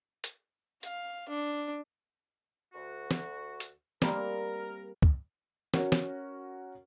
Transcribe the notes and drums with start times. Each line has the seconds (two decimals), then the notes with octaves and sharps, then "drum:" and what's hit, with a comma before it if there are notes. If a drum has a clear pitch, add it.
0.24 drum: hi-hat
0.83 F5, drum: hi-hat
1.28 D4
2.73 D2 F#4
3.11 drum: snare
3.60 drum: hi-hat
4.02 G3 A#3 C4 A#4, drum: snare
5.02 drum: kick C#2
5.74 C#4 F#4 A#4, drum: snare
5.92 drum: snare